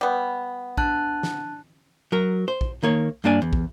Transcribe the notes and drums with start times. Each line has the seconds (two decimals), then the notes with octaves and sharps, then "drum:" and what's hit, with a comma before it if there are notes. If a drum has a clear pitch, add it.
0.01 G3 B3
0.77 D4 A5 F#6, drum: kick
1.23 drum: snare
2.12 F#3 A#4
2.48 C5
2.61 drum: kick
2.83 D#3 A#3 C#5
3.24 G2 A#3 D4 D5 G#5
3.42 E2
3.53 drum: kick